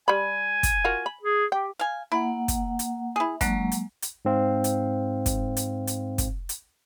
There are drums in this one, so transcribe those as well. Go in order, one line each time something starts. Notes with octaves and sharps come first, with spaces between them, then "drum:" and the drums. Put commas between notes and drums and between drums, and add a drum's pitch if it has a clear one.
G3 G#5 B5
drum: kick, hi-hat
F4 F#4 A#4
B5
G#4
G4 G5
F5 G#5
A#3 E4 F#5
drum: kick, hi-hat
drum: hi-hat
E4 G#4
F#3 G#3 A#3 D4, drum: kick, hi-hat
drum: hi-hat
drum: hi-hat
G#2 C4 F5
drum: hi-hat
drum: kick, hi-hat
drum: hi-hat
drum: hi-hat
drum: kick, hi-hat
drum: hi-hat